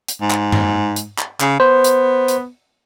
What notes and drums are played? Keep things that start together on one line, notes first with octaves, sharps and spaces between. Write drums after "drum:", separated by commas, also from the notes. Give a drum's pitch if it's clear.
drum: hi-hat
G#2
drum: clap
drum: tom G2
drum: hi-hat
drum: clap
C#3, drum: clap
B3 C5
drum: hi-hat
drum: hi-hat